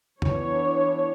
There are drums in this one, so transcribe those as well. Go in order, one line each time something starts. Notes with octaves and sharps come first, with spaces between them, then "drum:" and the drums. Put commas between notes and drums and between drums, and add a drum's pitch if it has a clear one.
E3 B3 D4 C#5, drum: tom F2